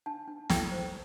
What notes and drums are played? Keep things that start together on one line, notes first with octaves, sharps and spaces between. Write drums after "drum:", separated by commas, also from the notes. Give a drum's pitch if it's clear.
D4 A5
D4
A4 G5, drum: snare
C5